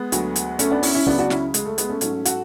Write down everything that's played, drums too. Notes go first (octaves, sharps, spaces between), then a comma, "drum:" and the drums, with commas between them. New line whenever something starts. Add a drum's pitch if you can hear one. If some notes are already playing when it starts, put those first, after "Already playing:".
Already playing: G#3 B3
D2 D3 F#3, drum: hi-hat
drum: hi-hat
A3 C#4, drum: hi-hat
B3 D4
C#4 E4, drum: open hi-hat
C#4 E4
C#2 C#3 F#3 B3 D4, drum: kick
D4 F#4
C#4 E4, drum: snare
G#3, drum: hi-hat
A3
G#3 B3, drum: hi-hat
A3 C#4
G#2 F#3 A3 C#4, drum: hi-hat
F#4 A4, drum: hi-hat